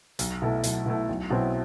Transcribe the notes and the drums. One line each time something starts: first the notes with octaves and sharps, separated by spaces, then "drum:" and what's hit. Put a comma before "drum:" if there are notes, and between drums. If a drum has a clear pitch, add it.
B1, drum: hi-hat
B2 A3 E4 A4
B1, drum: hi-hat
B2 A3 E4 A4
B1
B2 F#3 C4 E4